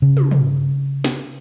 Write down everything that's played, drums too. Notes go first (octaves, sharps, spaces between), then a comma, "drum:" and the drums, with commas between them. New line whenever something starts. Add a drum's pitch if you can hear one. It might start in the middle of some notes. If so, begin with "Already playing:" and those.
C#3
drum: tom
drum: tom
drum: snare